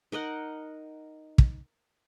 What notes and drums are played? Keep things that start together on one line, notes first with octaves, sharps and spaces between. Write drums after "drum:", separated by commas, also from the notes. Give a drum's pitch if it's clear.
D#4 A#4 D#5 F#5
drum: kick